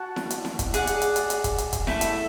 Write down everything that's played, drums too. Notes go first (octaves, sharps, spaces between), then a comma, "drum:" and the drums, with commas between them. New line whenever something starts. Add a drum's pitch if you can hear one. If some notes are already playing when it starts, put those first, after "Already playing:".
Already playing: F#4 F#5 A5
drum: snare E4
drum: hi-hat
drum: snare E4
drum: kick, hi-hat
G#4 D5 F#5, drum: hi-hat
drum: hi-hat
drum: hi-hat
drum: hi-hat
drum: hi-hat
drum: kick, hi-hat
drum: hi-hat
drum: kick, hi-hat
A3 E4 A4, drum: snare E4
drum: hi-hat